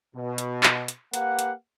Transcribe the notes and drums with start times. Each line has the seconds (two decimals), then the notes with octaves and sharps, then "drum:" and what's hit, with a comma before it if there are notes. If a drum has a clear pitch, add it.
0.15 B2
0.38 drum: hi-hat
0.63 drum: clap
0.88 drum: hi-hat
1.14 A#3 G4 B4 F5 F#5, drum: hi-hat
1.39 drum: hi-hat